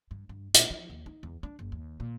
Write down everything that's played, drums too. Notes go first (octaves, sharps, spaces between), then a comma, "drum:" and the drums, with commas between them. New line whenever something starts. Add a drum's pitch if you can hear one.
G2
G2
A#2, drum: hi-hat
F3
D#2
D#4
E2
D4
F#1
D#2
A#2